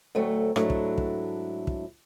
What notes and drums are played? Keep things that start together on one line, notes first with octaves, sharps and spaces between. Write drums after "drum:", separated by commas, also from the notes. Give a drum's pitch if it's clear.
D2 F#3 A3 C4
G#2 F#3 A3 D4 E4, drum: rim click
drum: kick
drum: kick
drum: kick